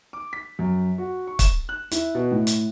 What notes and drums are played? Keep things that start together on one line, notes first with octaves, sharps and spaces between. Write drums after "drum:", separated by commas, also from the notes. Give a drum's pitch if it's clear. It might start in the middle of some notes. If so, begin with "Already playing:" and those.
D6
B6
F#2
F#4
C#6
E7, drum: kick, hi-hat
F#6
E4, drum: hi-hat
B2
A2
drum: hi-hat